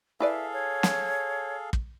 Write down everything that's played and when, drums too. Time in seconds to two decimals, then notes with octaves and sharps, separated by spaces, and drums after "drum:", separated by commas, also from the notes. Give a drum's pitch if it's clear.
0.20 E4 G#4 A4 B4 D5 E5 F5
0.53 C#5
0.83 drum: snare
1.73 drum: kick